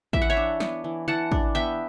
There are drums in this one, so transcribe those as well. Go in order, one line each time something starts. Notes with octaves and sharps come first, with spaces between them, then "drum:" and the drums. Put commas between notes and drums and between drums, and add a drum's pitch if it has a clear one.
E3 E5, drum: kick
F#5
C#5 E5
D4
B3, drum: snare
E3
E3 F#5 A5
D4, drum: kick
B3 E5 G5